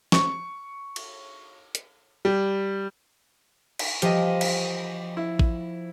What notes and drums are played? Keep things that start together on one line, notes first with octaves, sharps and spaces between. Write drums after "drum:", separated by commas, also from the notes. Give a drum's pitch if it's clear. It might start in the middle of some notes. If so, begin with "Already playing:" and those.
C#6, drum: snare
drum: cymbal
drum: hi-hat
G3
drum: cymbal
F3 G4 D#5, drum: hi-hat
drum: cymbal
E4
drum: kick A1